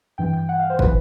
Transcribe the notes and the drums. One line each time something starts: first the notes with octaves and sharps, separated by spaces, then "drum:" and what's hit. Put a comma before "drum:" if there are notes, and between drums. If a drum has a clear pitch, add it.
G2 E3 G5
G5
F#5
F5
C5
E3 B4, drum: kick